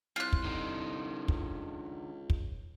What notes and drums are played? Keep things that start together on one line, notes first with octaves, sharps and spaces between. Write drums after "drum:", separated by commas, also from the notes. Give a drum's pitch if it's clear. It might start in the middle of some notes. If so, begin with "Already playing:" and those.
C2 F4 F#6
drum: kick
D3 D#4
C#2, drum: kick
drum: kick